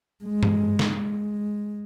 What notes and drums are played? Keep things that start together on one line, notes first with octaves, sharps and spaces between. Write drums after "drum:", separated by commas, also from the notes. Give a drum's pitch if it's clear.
G#3
drum: tom G2
drum: snare
G#3